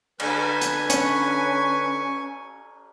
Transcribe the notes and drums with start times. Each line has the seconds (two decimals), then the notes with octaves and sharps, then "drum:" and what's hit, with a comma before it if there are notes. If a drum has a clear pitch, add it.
0.20 D3 D4 B4 G#5, drum: cymbal
0.61 drum: hi-hat
0.90 C#4 C#6, drum: hi-hat